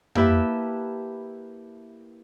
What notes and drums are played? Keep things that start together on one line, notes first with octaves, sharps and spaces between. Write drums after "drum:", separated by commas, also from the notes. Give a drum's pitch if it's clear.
A#3 E4 G4 B4 E5 A5, drum: tom F2